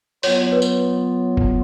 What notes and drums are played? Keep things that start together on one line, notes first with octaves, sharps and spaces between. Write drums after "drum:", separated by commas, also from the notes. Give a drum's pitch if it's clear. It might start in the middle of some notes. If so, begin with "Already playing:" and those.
F#3 B3 F4 C#5, drum: open hi-hat
C#5
B4
drum: tambourine
drum: kick F1